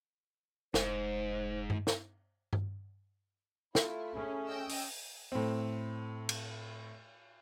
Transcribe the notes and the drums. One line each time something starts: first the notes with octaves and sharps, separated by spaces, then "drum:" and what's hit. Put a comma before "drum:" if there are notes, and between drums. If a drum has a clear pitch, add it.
F1 F2 G#2 C5, drum: snare
drum: tom G2
drum: snare
drum: tom G2
A3 E4 F4, drum: snare
C#4 G#4
D#5 G5 E6
drum: open hi-hat
A2 C4
drum: cymbal